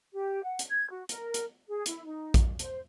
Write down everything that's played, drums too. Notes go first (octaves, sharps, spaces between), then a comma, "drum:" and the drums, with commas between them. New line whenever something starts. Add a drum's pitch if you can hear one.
G4
F#5
drum: hi-hat
G#6
F#4
A#4, drum: hi-hat
drum: hi-hat
G#4
E4, drum: hi-hat
D#4
drum: kick, hi-hat
C5, drum: hi-hat